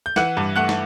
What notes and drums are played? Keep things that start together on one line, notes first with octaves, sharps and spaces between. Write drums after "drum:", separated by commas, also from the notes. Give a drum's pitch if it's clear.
G6
E3 F#5 F#6, drum: snare
G2
A3 F#5 F#6
drum: snare